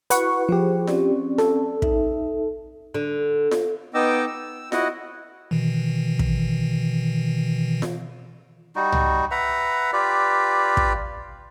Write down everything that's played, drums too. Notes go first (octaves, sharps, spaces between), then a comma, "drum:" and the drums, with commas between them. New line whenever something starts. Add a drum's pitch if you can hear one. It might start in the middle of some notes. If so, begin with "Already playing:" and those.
E4 F#4 B4 F#5 C#6, drum: hi-hat
F3 G4 G#4 C5
C4 C#4 D5, drum: snare F4
A4, drum: snare F4
D#4 E5, drum: kick
D3
drum: snare F4
B3 D#4 D#5 G5 D6 E6
E6
E4 F#4 D#5 F#5, drum: snare F4
B2 D#3 E3
drum: kick
drum: snare F4
G3 D#4 F#4
drum: tom C2
B4 E5 F#5 A#5
F4 G4 B4 D5
drum: kick